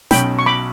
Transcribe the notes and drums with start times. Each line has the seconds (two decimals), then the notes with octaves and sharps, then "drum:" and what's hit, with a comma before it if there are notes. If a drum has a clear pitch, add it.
0.11 B1 B2 F#3 C#4 G5 B5, drum: snare
0.39 C#6
0.46 B5 D6